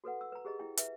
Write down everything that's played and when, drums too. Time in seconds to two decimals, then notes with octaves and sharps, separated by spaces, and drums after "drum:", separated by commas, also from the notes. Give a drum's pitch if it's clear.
0.04 F#4 A4 B4 F#5
0.21 E6
0.32 B4 A#5
0.45 G4 G#4 D#5 A#5
0.59 E4 G5
0.77 B4 E5, drum: hi-hat